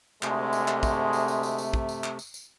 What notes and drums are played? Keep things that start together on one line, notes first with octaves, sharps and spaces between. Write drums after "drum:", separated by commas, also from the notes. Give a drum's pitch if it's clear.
G#1 D2 C3 G#3 A3, drum: clap
drum: tambourine
drum: clap
drum: kick, tambourine
drum: tambourine
drum: tambourine
drum: tambourine
drum: tambourine
drum: kick
drum: tambourine
drum: clap
drum: tambourine
drum: tambourine